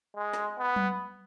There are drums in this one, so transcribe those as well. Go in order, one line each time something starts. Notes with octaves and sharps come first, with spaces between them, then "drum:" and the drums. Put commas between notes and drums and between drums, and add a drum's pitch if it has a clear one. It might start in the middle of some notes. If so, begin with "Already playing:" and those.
G#3
drum: snare
B3
drum: tom F#3